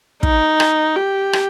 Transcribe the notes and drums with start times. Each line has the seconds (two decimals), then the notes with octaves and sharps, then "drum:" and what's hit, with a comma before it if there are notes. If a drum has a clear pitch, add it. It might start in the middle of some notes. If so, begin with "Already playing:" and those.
0.23 D#4, drum: kick
0.60 drum: rim click
0.96 G4
1.33 drum: rim click